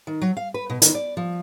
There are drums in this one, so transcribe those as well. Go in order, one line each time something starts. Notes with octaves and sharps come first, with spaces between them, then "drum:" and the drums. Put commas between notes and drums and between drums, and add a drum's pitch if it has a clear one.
D#3
F#3
F5
B4
B2
D#3, drum: hi-hat
D5
F3